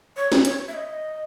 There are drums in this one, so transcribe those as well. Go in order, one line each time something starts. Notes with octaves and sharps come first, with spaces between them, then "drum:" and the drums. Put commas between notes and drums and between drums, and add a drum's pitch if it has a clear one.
C#5
drum: snare
C#5, drum: hi-hat
E5
D#5